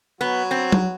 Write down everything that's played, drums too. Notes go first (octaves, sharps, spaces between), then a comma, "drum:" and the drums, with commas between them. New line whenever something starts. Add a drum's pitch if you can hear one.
F#3 B3 F#4
C4
drum: tom F#3